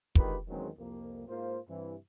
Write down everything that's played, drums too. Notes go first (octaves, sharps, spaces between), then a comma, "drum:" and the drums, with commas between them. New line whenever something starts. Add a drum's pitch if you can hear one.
D3 D#3 G#3 F4 G4 B4, drum: kick
E2 D#3 F#3 G#3 C4 C#4
C2 F2 A#3
G#2 A#3 F4 C5
G2 C3 E3